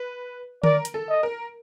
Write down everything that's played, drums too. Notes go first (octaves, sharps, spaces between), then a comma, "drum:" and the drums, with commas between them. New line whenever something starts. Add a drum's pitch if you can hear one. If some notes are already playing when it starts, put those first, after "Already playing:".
Already playing: B4
A#4 D5, drum: tom D3
drum: hi-hat
A4
D#5
A#4